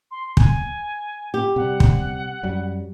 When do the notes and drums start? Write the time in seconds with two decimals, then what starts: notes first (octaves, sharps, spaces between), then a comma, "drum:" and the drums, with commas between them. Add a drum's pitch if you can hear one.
0.11 C6
0.37 G#5, drum: kick
1.34 G4
1.56 C3 G3 F#5
1.80 drum: kick
2.43 F#2 F#3 G3